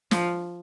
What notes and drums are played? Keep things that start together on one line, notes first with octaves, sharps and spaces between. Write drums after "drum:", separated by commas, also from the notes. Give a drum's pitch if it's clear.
F3, drum: snare